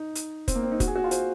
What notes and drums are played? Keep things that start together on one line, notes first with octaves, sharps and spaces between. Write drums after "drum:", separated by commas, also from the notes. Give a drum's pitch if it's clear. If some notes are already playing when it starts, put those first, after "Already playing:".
Already playing: D#4
drum: hi-hat
C4, drum: kick F1, hi-hat
A#3
C4
D#4
F#4, drum: kick F1, hi-hat
G#4
F#4
F4
C5, drum: hi-hat